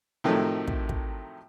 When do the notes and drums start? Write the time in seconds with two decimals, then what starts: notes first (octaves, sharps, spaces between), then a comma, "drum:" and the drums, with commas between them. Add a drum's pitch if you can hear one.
0.24 A2 C3 D#3 F3 F#3 A3
0.68 drum: kick
0.89 drum: kick